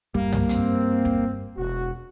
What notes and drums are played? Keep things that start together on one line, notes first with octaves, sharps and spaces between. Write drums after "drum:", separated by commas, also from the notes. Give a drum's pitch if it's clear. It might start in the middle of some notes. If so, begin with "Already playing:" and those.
G2 G3 A#3, drum: kick
drum: tom
C4, drum: hi-hat
drum: kick
E1 F#4